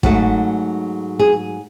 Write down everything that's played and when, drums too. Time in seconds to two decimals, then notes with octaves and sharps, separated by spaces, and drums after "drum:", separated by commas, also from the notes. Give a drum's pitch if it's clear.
0.03 G#2 F#3 A3 F#4, drum: kick
1.19 G#4